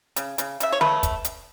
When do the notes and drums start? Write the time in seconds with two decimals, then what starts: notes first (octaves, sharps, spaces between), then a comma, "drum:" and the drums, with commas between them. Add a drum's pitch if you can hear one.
0.16 C#3, drum: hi-hat
0.38 C#3, drum: hi-hat
0.60 C#3 E5, drum: hi-hat
0.72 C#5
0.81 A3 B4, drum: snare
1.03 drum: kick, hi-hat
1.24 drum: hi-hat